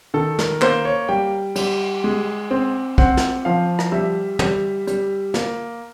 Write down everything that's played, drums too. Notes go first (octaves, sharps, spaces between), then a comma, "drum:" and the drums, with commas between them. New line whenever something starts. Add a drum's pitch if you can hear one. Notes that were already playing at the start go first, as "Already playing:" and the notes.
D#3 A4
A#4, drum: snare
A#3 C5, drum: clap
C#5
G3 G5
G3, drum: cymbal
G#3
C4
C4 F#5, drum: kick
drum: snare
F3 F5
drum: rim click
G3 E5
G3, drum: tom
G3, drum: hi-hat
A#3, drum: snare